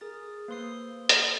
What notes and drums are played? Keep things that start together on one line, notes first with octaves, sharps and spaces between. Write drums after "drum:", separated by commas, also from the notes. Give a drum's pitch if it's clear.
G#4 A#4 A6
A#3 B4 C5 C6 D#6 C7
drum: hi-hat